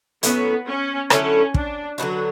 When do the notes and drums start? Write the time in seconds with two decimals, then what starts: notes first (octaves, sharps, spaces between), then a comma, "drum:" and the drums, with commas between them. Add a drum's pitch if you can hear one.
0.23 A2 F#3 B3 C#4, drum: hi-hat
0.66 C#4
1.10 D3 F#3 A3 C#4 E4, drum: rim click
1.54 D4, drum: kick
1.98 D3 F#3 G3 B3 F#4